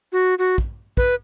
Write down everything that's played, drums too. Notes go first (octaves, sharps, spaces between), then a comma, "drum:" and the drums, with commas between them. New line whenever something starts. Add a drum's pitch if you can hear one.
F#4
F#4
drum: kick
B4, drum: kick